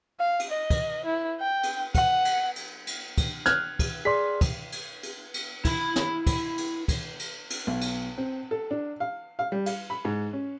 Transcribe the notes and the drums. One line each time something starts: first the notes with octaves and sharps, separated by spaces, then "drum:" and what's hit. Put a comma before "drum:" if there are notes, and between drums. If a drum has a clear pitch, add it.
F5
drum: cymbal
D#5
drum: kick, cymbal
E4
G5
drum: cymbal
F#5, drum: kick, cymbal
drum: cymbal
drum: cymbal
drum: cymbal
drum: kick, cymbal
F6 F#6 G#6, drum: snare
drum: kick, cymbal
G#4 D5 C6 B6
drum: kick, cymbal
drum: cymbal
drum: cymbal
drum: cymbal
E4 B5, drum: kick, cymbal
drum: snare
drum: kick, cymbal
drum: cymbal
drum: kick, cymbal
drum: cymbal
drum: cymbal
B1
drum: cymbal
C4
A4
D4
F5
F5
G3
F5, drum: cymbal
B5
G#2
C#4